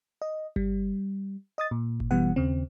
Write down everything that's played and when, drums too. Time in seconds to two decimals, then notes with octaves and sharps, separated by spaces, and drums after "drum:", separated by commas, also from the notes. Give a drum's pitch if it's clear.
0.22 D#5
0.56 G3, drum: kick G1
1.58 D#5 D#6 A6
1.71 A#2
2.00 drum: kick G1
2.11 B2 E3 G3 B3 F#5
2.36 D#2 C#3 C4